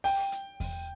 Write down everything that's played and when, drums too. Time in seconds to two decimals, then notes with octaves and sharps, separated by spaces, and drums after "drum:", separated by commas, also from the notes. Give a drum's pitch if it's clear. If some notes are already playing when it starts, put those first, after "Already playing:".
0.04 G5, drum: open hi-hat
0.32 drum: hi-hat
0.60 drum: kick E2, open hi-hat